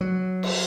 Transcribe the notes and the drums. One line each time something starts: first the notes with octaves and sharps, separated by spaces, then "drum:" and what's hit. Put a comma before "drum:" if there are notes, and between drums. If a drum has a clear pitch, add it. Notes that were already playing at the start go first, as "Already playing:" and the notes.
F#3
drum: cymbal